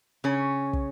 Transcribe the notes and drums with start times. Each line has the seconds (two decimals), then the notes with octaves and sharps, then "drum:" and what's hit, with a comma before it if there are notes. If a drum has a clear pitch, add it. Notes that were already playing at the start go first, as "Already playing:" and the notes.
0.24 C#3 C#4
0.73 drum: kick